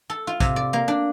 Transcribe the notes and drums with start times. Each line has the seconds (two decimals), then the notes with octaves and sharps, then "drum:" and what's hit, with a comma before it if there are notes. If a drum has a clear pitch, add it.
0.10 A4
0.27 F4
0.40 C3, drum: kick A#1, hi-hat
0.56 D5
0.73 A#3
0.88 D4